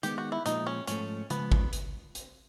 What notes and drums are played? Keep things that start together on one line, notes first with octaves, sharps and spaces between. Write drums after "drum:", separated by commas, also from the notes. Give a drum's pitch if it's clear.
D#3 G#3 B3 G4, drum: hi-hat
F#4
E4
A#2 F3 G#3 D#4, drum: hi-hat
C#4
G#2 F3 A3 C#4, drum: hi-hat
C#3 F3 G#3 B3, drum: hi-hat
drum: kick G#1
drum: hi-hat
drum: hi-hat